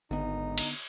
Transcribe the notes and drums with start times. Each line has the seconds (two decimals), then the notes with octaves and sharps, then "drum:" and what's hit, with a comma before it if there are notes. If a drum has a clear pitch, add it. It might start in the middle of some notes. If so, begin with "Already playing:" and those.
0.11 G#1 D3 B3 D#4
0.58 drum: cymbal